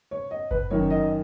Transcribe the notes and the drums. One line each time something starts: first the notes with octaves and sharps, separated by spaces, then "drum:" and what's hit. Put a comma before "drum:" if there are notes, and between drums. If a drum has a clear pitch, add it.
C#5
D#5
B4, drum: kick F#1
F#2 D#3 C#5
D#5